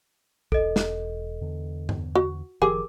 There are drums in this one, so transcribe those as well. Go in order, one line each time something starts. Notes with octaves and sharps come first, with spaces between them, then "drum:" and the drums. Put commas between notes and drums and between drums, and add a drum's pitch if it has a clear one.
E1 A4 D#5, drum: kick
drum: snare
E2 D3
drum: tom G2
F#4
F#1 D#3 F3 G4 G#4 A#4 G#5 D6